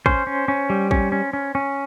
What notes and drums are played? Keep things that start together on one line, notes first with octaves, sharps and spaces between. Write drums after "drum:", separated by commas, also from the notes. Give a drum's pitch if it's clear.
C#4 C5, drum: kick
C#4
C#4
G3
C#4, drum: kick
C#4
C#4
C#4